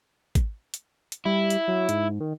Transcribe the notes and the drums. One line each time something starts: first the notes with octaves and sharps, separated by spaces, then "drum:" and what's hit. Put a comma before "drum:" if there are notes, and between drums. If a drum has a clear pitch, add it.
drum: kick G#1, hi-hat
drum: hi-hat
drum: hi-hat
G3 E4
drum: hi-hat
F#3
G#2, drum: hi-hat
D#3